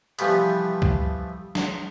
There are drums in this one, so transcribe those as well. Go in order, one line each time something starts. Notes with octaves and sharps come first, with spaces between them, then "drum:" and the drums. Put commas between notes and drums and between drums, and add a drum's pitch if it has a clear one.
C3 E3 F3 G3 A3 B3, drum: hi-hat
drum: kick
drum: snare